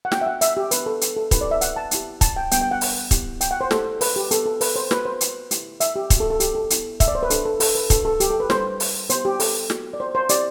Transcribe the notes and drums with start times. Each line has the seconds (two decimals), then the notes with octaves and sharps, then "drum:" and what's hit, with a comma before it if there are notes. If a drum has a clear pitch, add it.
0.05 F#5
0.12 B3 D4 F#4 G5, drum: snare
0.21 E5
0.26 F#5
0.41 E5, drum: hi-hat
0.57 G4
0.71 B3 D4 G4 B4, drum: hi-hat
0.86 A4
1.01 drum: hi-hat
1.16 A4
1.31 C4 E4 G4 B4, drum: kick, hi-hat
1.41 D5
1.51 E5
1.61 F#5, drum: hi-hat
1.76 A5
1.91 B3 E4 G4, drum: hi-hat
2.21 A5, drum: kick, hi-hat
2.36 G5
2.51 G3 B3 D4 G4 G5, drum: hi-hat
2.62 G5
2.71 F#5
2.81 drum: open hi-hat
3.11 B3 E4 G4, drum: kick, hi-hat
3.41 G5, drum: hi-hat
3.51 F#5
3.61 C5
3.71 A3 E4 G4 A4, drum: snare
4.01 B4, drum: open hi-hat
4.16 G4
4.31 B3 F#4 A4, drum: hi-hat
4.46 A4
4.61 B4, drum: open hi-hat
4.76 C5
4.91 B3 F#4 B4, drum: snare
5.05 C5
5.21 drum: hi-hat
5.51 A3 E4 G4, drum: hi-hat
5.80 E5, drum: hi-hat
5.96 G4
6.10 B3 F#4, drum: kick, hi-hat
6.20 A4
6.30 A4
6.40 G4, drum: hi-hat
6.55 A4
6.70 B3 E4 G4, drum: hi-hat
7.00 E5, drum: kick, hi-hat
7.08 D5
7.15 C5
7.23 B4
7.30 A3 D4 G4 A4, drum: hi-hat
7.45 A4
7.60 A4, drum: open hi-hat
7.75 B4
7.90 A3 D4 F#4 A4, drum: kick, hi-hat
8.05 A4
8.20 G4, drum: hi-hat
8.30 A4
8.40 B4
8.50 G3 D4 G4 C5, drum: snare
8.80 drum: open hi-hat
9.10 B3 E4 G4 C5, drum: hi-hat
9.25 G4
9.40 A4, drum: open hi-hat
9.70 B3 F#4, drum: snare
9.93 D5
10.00 C5
10.15 C5
10.29 C4 E4 G4 D5, drum: hi-hat